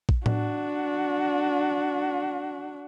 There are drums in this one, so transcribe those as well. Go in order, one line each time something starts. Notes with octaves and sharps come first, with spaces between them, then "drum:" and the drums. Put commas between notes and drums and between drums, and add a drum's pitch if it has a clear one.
drum: kick A#1
D4 F#4, drum: tom A2